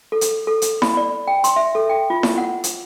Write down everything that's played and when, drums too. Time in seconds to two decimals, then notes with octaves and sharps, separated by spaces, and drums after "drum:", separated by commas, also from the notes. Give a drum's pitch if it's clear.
0.12 A4
0.21 drum: hi-hat
0.47 A4
0.62 drum: hi-hat
0.82 B5, drum: snare E4
0.97 D5
1.28 G5
1.44 C6, drum: hi-hat
1.56 E5
1.75 A4
1.89 G5
2.10 F4
2.23 drum: snare E4
2.38 F#5
2.64 drum: hi-hat